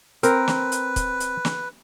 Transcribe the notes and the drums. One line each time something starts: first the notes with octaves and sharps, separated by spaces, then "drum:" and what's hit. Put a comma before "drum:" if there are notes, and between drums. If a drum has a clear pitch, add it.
C4 A#4 B4, drum: hi-hat
drum: snare
drum: hi-hat
drum: kick, hi-hat
drum: hi-hat
drum: snare